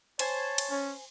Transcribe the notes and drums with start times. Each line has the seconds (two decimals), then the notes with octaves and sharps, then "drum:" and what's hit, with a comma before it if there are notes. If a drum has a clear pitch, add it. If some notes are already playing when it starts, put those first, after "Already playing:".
0.19 C5 C#5 G#5 A5, drum: cymbal
0.58 drum: cymbal
0.70 C#4